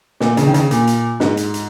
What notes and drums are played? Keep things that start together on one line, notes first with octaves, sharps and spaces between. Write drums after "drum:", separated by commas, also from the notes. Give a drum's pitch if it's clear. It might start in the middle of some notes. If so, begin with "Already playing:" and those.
A#2, drum: snare
C#3, drum: hi-hat
D#3
C#3, drum: hi-hat
A#2, drum: hi-hat
drum: hi-hat
G#2, drum: snare
drum: hi-hat
drum: hi-hat